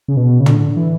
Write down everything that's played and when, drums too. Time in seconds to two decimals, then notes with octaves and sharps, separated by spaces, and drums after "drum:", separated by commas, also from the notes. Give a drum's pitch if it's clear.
0.08 C#3
0.17 B2
0.40 C#3
0.46 D3, drum: tom
0.77 E3